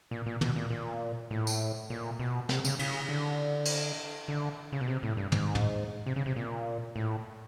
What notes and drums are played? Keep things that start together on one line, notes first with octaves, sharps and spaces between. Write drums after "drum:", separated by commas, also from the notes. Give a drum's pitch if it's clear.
A#2
A#2
B2, drum: tom
A#2
A#2
A2
drum: tambourine
A#2
B2
C3, drum: snare
C#3, drum: tambourine
C#3, drum: cymbal
D3
drum: cymbal
D3
C#3
B2
C3
A2
G2
G#2, drum: tom
drum: tom
C3
C#3
C3
A#2
A2